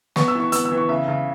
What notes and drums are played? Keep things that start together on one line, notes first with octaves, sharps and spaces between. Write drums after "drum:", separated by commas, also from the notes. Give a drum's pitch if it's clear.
B3 C#6, drum: snare
E6
E3 C#6
B3 E6, drum: hi-hat
E6
E3
C#6
C#3 E5
C#3